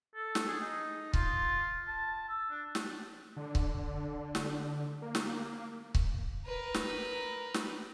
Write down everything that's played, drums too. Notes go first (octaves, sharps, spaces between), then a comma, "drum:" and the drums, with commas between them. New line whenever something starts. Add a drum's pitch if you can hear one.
A4
drum: snare
G#4
D#4
F4, drum: kick C#1
A5
E6
D4
drum: snare
D3
drum: kick C#1
drum: snare
A#3
drum: snare
drum: kick C#1
A#4 B4
drum: snare
drum: snare